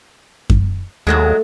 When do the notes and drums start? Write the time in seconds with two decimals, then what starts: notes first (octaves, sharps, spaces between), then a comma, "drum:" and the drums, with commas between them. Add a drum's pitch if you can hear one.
0.50 drum: kick F#2
1.07 D#2 G#2 F#3 G#3 A3